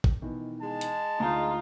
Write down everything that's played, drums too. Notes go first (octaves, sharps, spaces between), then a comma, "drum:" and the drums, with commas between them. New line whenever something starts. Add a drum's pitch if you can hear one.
drum: kick
B2 D#3 E3
G#3 A5
drum: hi-hat
D2 D#4 F4